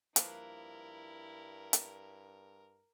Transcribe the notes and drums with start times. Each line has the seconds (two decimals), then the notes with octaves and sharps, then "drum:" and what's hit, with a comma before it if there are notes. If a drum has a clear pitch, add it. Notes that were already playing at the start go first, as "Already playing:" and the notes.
0.16 G2 F3 A#3 E4 A#4 B4, drum: hi-hat
1.73 drum: hi-hat